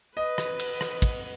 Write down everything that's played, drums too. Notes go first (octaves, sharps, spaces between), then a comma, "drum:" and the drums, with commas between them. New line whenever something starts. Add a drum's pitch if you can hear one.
B4 D#5
drum: rim click
drum: cymbal
drum: rim click
drum: kick, cymbal